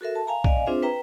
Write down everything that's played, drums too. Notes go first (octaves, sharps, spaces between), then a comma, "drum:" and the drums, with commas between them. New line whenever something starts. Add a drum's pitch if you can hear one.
F#4 A4 A#4 E5
A5
F5 G#5 A#5
D5 D#5 F5 G#5, drum: kick
C4 D4 F4 G#4 C5 E5
B4 E5 G5 A#5